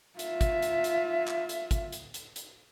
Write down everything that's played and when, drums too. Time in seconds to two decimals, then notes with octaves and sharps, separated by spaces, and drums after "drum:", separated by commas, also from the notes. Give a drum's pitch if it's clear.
0.19 F4 E5, drum: hi-hat
0.41 drum: kick, hi-hat
0.62 drum: hi-hat
0.84 drum: hi-hat
1.27 drum: clap
1.49 drum: hi-hat
1.71 drum: kick, hi-hat
1.92 drum: hi-hat
2.14 drum: hi-hat
2.36 drum: hi-hat